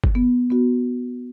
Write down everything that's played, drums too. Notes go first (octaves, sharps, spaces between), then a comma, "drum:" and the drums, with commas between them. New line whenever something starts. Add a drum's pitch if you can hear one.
drum: kick
B3
B3 F#4